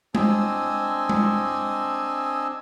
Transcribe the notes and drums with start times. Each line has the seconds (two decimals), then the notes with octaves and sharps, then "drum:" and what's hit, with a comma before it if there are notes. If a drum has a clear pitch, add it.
0.15 C4 D4 D#5 G#5 E6, drum: tom G#3
1.09 drum: tom G#3